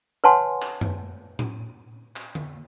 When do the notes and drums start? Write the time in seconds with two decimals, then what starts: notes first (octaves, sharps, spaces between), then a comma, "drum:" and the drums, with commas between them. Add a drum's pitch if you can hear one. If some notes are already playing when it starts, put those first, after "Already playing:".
0.24 B4 C#5 F#5 G#5 A5 C6
0.62 drum: clap
0.81 drum: tom F#2
1.39 drum: tom A2
2.16 drum: clap
2.35 drum: tom D3